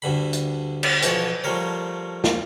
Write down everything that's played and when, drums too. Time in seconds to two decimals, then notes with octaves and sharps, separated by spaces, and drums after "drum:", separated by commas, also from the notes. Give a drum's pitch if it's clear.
0.02 D2 G2 D3 B5
0.33 drum: hi-hat
0.83 drum: cymbal
1.02 B1 E3 F3 C#5, drum: hi-hat
1.44 F3 G3 A3 A#4 C#5
2.24 drum: snare